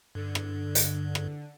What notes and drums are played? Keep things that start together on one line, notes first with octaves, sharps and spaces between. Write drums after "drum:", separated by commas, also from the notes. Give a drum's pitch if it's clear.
G2 D3
drum: rim click
drum: hi-hat
drum: rim click